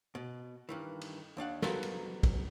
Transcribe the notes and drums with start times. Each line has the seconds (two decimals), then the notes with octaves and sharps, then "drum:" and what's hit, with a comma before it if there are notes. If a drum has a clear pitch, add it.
0.15 B2
0.69 G2 D#3 E3
1.01 drum: cymbal
1.37 D#2 D4 F5 F#5
1.62 F3 F#3 B3 A4 A#4, drum: snare
1.83 drum: cymbal
2.23 drum: kick, cymbal